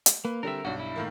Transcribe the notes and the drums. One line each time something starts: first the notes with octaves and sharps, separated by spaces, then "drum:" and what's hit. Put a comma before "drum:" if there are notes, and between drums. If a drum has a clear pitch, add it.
drum: hi-hat
A#3 B4
D3 G3 C4 A#4 E5
B1 G2 F#4
E4
A2 D#3 A#3